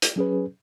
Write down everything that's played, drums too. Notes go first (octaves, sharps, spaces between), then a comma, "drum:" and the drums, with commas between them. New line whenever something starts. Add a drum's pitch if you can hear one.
drum: hi-hat
F#3 C#4 G#4 B4